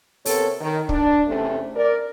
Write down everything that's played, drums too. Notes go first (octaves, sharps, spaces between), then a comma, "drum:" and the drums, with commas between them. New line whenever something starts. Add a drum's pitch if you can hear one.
C3 B3 A4 A#4 C#5, drum: open hi-hat
D#3
D4, drum: kick
E2 C3 A3 C#4 A4
A#4 D5